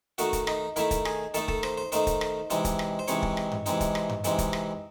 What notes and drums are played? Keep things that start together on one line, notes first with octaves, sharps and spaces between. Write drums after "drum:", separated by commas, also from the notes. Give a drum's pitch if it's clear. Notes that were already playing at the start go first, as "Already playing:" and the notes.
D#3 A3 D#4 F#4, drum: hi-hat
drum: kick, hi-hat
D#4, drum: rim click
D#3 A3 D#4 E4, drum: hi-hat
drum: kick, hi-hat
G#4, drum: rim click
D#3 A3 D#4 A4, drum: hi-hat
A4, drum: kick
C5, drum: rim click
C5
D#3 A3 D#4 C5, drum: hi-hat
drum: kick, hi-hat
drum: rim click
C3 E3 G#3 C4 D#4, drum: hi-hat
drum: kick, hi-hat
drum: rim click
C5
C3 E3 G#3 C4 D#4 C#5, drum: hi-hat
drum: kick
drum: rim click
drum: tom G2
C3 E3 G#3 C4 D#4, drum: hi-hat
drum: kick, hi-hat
drum: rim click
drum: tom G2
C3 E3 G#3 C4 D#4, drum: hi-hat
drum: kick, hi-hat
drum: rim click